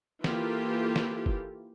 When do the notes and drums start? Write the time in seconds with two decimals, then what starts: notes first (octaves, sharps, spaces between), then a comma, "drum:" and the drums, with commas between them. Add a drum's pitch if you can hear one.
0.24 E3 A#3 F4 G4 A4, drum: snare
0.96 drum: snare
1.26 drum: kick